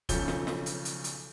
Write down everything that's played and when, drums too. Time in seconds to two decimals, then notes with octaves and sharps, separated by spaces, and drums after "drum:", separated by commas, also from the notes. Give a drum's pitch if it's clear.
0.09 B1 C#3 F3 A4 G6 G7, drum: kick, hi-hat
0.28 drum: snare
0.47 drum: snare
0.66 drum: hi-hat
0.85 drum: hi-hat
1.04 drum: hi-hat